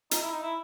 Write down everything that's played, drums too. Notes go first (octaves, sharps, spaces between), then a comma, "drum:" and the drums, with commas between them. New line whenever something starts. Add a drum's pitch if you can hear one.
D#4, drum: hi-hat
E4
D#4
E4